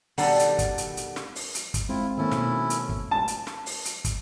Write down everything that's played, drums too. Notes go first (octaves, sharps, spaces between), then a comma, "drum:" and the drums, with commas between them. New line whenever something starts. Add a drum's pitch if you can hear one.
B2 D#3 G3 D4 A4 F#5, drum: open hi-hat
drum: hi-hat
drum: kick, hi-hat
drum: hi-hat
drum: hi-hat
drum: snare
drum: open hi-hat
drum: hi-hat
drum: kick, hi-hat
G#3 C4 E4 F4
D#3 A#3 C#4 E4 A4
B2, drum: snare
drum: hi-hat
drum: kick
A5
drum: hi-hat
drum: snare
drum: open hi-hat
drum: hi-hat
drum: kick, hi-hat